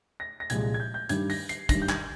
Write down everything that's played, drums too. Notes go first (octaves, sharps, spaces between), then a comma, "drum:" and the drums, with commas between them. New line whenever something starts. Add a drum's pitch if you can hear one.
A#6
A#6
C2 A#2 F3 G#3 G#6, drum: hi-hat
G#6
G6
G6
G2 D#3 G3 G#6, drum: hi-hat
A#6, drum: open hi-hat
C7, drum: hi-hat
G2 D#3 G3 A#6, drum: kick, hi-hat
G6
G#6, drum: clap